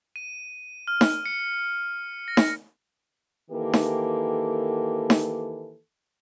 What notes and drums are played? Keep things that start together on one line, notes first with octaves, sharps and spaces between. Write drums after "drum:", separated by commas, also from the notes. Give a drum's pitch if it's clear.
D#7
F6
drum: snare D#4
C#7
A#6
drum: snare D#4
D#3 E3 A#3 G4 A4
drum: snare D#4
drum: snare D#4